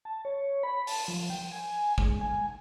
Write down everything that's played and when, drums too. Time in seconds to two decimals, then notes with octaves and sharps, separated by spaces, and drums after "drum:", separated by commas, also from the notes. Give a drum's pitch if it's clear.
0.05 A5
0.25 C#5
0.63 B5
0.87 A5, drum: open hi-hat
1.08 F3
1.30 G5
1.51 G#5
1.98 G#3, drum: kick
2.21 G#5